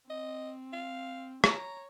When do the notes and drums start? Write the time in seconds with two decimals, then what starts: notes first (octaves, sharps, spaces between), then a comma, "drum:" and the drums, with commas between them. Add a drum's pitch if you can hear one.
0.10 C4 D#5
0.73 F5
1.44 C#5 A#5, drum: rim click